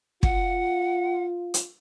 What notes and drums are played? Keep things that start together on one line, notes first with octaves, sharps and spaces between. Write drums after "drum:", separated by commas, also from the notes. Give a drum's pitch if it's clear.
F4 F#5, drum: kick
drum: hi-hat